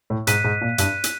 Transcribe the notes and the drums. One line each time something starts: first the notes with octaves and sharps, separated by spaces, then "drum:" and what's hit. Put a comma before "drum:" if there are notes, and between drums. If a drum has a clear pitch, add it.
A2
G#2 F#6 B6 D#7, drum: hi-hat
G#2
A#2
G2 F#6 B6 D#7, drum: hi-hat
drum: hi-hat